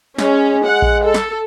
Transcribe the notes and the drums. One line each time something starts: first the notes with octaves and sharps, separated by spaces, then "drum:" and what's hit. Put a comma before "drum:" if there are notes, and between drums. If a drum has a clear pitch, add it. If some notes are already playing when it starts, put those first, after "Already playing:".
G#3 C#4, drum: snare
F#5
drum: kick A#1
A4
drum: snare